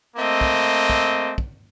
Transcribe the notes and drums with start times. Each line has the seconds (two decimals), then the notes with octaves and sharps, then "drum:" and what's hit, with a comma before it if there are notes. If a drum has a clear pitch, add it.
0.17 A3 A#3 C4 D#5
0.41 drum: kick
0.90 drum: kick
1.38 drum: kick